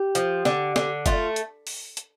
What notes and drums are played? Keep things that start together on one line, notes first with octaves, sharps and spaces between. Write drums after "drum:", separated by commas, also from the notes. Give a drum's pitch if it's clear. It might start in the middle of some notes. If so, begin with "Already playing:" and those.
Already playing: G4
F3, drum: hi-hat
D3, drum: snare
D3, drum: snare
A3 F4, drum: kick F#1, hi-hat
drum: hi-hat
drum: open hi-hat
drum: hi-hat